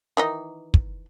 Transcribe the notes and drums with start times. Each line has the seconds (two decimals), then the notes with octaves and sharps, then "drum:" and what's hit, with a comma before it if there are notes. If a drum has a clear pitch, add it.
0.17 D#3 E3 D#4
0.74 drum: kick